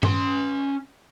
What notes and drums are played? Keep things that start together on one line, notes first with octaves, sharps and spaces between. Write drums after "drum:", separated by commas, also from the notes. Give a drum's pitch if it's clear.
C#4 C6, drum: tom G2